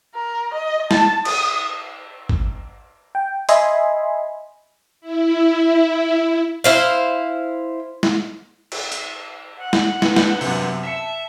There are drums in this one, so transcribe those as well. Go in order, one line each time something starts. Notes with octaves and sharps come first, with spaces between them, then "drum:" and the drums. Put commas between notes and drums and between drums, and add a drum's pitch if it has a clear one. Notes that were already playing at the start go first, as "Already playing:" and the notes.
A#4
D#5
A5, drum: snare
D#6, drum: cymbal
drum: kick
G5
D#5 E5 G#5 B5 C6, drum: hi-hat
E4
E4 C5 F5
drum: snare
drum: cymbal
drum: hi-hat
F#5
drum: snare
B3 D4, drum: snare
drum: snare
F#2 C3, drum: open hi-hat
E5 A5 B6 C#7 E7